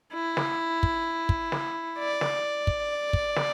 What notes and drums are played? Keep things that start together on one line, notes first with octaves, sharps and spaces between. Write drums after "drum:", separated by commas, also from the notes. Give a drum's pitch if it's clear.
E4
drum: snare
drum: kick
drum: kick
drum: snare
D5
drum: snare
drum: kick
drum: kick
drum: snare